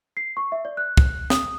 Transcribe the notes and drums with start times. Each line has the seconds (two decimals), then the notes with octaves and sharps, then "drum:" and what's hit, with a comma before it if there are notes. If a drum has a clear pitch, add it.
0.17 C7
0.37 C#6
0.52 E5
0.65 D5
0.77 F#6
0.97 drum: kick
1.30 D#6, drum: snare